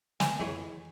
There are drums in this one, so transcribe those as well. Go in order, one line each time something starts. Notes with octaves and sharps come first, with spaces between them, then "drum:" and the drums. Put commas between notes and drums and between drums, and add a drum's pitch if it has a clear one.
G#5, drum: snare
F2 E3 G#3 C#5